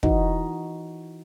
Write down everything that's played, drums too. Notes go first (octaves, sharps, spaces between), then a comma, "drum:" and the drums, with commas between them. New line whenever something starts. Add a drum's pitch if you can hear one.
E3 D#4 F#4, drum: kick